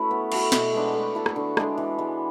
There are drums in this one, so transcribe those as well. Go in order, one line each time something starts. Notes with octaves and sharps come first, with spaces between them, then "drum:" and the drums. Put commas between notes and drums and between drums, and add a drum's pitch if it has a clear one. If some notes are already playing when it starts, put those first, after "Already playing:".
Already playing: A3 C#4 E4 F#4 B4 C#5
B3
F#4 A4 E5, drum: cymbal
B2, drum: snare
G#3 B3 D4
A3
E4 A4
drum: rim click
D3
G#3 D4 G#4, drum: rim click
E3
G#3 B3